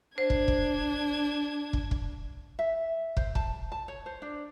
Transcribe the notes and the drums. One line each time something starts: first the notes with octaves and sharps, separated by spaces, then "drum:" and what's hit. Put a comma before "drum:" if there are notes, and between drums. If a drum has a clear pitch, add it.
D4 C5 G#6
drum: kick
drum: kick
drum: kick
drum: kick
E5
C5, drum: kick
A5, drum: kick
A5
C#5
C5
D4